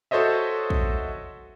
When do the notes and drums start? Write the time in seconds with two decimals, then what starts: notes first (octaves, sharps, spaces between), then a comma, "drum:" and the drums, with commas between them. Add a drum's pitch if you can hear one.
0.11 F#4 A4 C5 C#5 D#5 E5
0.70 drum: kick